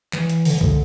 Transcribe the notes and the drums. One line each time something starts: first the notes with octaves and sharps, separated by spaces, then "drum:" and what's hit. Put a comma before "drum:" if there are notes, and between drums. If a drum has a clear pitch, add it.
E3, drum: clap
drum: hi-hat
D3, drum: open hi-hat
E3
D3, drum: kick C2